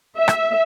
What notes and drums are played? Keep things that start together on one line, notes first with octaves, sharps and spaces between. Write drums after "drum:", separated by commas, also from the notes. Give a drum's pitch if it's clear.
E5
drum: rim click